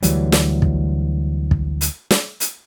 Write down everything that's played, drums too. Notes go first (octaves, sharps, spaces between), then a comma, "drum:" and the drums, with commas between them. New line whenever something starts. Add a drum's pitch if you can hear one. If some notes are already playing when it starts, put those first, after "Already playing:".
D2 E3 F#3 G3, drum: hi-hat
drum: snare
drum: kick
drum: kick
drum: hi-hat
drum: snare
drum: hi-hat